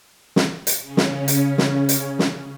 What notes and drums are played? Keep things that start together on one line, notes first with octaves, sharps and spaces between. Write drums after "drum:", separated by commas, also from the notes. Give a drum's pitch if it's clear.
drum: snare
drum: hi-hat
C#3 C#4
drum: snare
drum: hi-hat
drum: snare
drum: hi-hat
drum: snare